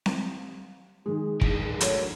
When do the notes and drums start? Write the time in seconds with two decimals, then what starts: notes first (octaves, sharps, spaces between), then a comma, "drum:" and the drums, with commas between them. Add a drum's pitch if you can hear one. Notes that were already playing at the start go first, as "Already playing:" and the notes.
0.06 drum: snare C4
1.06 D#3 G#3 G#4
1.41 D3 E3, drum: kick
1.81 F#3 A3 A#4 C#5, drum: hi-hat